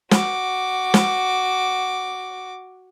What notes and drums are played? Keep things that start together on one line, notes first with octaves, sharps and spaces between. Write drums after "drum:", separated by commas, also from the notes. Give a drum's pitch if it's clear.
F#4 D6, drum: snare
drum: snare